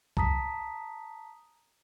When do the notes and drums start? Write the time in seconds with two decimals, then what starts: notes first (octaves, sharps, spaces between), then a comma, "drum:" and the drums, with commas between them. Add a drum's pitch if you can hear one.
0.17 A5 A#5 D#6 B6, drum: kick